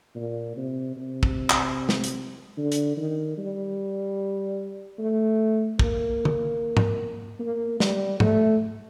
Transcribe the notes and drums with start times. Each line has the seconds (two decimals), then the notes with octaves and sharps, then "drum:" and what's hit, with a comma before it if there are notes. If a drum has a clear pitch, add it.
0.16 A#2
0.57 C3
0.96 C3
1.23 drum: kick
1.50 drum: clap
1.89 drum: snare
2.04 drum: hi-hat
2.57 D3
2.72 drum: hi-hat
2.97 D#3
3.38 G3
4.99 A3
5.79 A#3, drum: kick
6.25 drum: tom
6.77 drum: tom G#2
7.40 A#3
7.80 G3, drum: snare
8.20 A3, drum: tom G#2